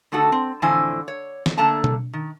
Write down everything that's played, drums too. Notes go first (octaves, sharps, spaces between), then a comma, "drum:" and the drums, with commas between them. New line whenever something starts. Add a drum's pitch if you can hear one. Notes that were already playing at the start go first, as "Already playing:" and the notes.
D3 A3 D#4 F#4 A4
C4
F2 A2 D3 E3 C5 G#5
C#5
drum: snare
D3 A3 A#3 A5 A#5
drum: tom B2
D#3